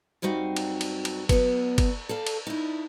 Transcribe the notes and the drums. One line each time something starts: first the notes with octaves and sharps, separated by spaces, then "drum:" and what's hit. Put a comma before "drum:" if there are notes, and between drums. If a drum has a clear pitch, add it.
F#2 G3 C4 D#4 F#4 F5
drum: cymbal
drum: cymbal
drum: cymbal
F#3 B3, drum: kick G1, cymbal
drum: kick G1, cymbal
A4 D5 F5
drum: cymbal
D#4 E4